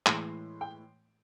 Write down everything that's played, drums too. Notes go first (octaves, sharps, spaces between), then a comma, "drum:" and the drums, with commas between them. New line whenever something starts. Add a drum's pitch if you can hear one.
A2 E3 G#3 C6, drum: clap
G5